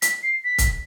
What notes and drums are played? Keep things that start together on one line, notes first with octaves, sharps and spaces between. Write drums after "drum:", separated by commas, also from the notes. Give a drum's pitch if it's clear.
B6, drum: hi-hat
C7
B6
drum: kick, hi-hat